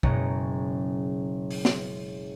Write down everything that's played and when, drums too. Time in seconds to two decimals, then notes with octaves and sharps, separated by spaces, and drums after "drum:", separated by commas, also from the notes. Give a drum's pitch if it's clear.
0.03 F#1 B2 G#3 C#4 A#5 C#7, drum: kick
1.51 drum: open hi-hat
1.65 drum: snare